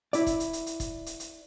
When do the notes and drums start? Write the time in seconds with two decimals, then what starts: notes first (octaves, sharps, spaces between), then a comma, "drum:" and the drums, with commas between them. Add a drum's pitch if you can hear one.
0.13 E4 D5, drum: hi-hat
0.27 drum: kick, hi-hat
0.40 drum: hi-hat
0.53 drum: hi-hat
0.66 drum: hi-hat
0.80 drum: kick, hi-hat
1.06 drum: hi-hat
1.20 drum: hi-hat